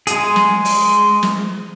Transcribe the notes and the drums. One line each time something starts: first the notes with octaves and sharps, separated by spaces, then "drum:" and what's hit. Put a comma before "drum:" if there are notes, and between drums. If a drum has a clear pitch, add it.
G#3 G#4, drum: hi-hat
drum: snare
drum: open hi-hat
drum: snare